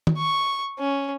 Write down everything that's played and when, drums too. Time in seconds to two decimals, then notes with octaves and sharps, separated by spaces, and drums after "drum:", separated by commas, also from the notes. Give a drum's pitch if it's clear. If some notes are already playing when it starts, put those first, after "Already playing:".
0.07 drum: tom
0.17 C#6
0.79 C#4